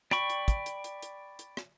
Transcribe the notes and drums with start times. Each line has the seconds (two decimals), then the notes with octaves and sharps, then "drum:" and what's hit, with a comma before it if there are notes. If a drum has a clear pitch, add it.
0.11 D5 G5 B5 C#6, drum: rim click
0.30 drum: hi-hat
0.48 drum: kick, hi-hat
0.66 drum: hi-hat
0.84 drum: hi-hat
1.03 drum: hi-hat
1.39 drum: hi-hat
1.57 drum: rim click